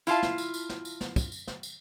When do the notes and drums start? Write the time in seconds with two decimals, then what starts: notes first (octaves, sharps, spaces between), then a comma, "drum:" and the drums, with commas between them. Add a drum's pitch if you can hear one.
0.07 E4 F4 F5 A5, drum: tambourine
0.23 drum: snare
0.38 drum: tambourine
0.54 drum: tambourine
0.69 drum: snare
0.85 drum: tambourine
1.01 drum: snare
1.16 drum: kick, tambourine
1.32 drum: tambourine
1.48 drum: snare
1.63 drum: tambourine